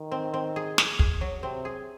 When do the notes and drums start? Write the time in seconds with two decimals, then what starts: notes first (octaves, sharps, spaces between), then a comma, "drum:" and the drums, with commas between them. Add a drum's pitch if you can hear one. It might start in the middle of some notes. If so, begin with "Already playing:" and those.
Already playing: D#3
0.12 C4
0.34 C4
0.56 G#4
0.78 G#4, drum: snare
0.99 G#4, drum: kick
1.21 F#3
1.42 C3 C4
1.65 G#4